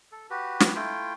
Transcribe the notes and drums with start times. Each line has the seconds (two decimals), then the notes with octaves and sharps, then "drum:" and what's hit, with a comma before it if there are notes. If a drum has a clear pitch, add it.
0.12 A4
0.30 F#4 G4 B4
0.60 drum: snare
0.75 A3 E4 F4 G5